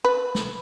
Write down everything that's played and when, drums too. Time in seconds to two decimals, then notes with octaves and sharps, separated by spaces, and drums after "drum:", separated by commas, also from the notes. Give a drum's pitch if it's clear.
0.05 B4
0.35 drum: snare